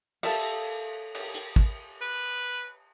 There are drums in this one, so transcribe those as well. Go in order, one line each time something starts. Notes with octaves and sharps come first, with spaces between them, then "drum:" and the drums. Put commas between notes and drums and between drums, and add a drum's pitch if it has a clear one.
A4 E5 F5, drum: cymbal
drum: cymbal
drum: hi-hat
drum: kick
B4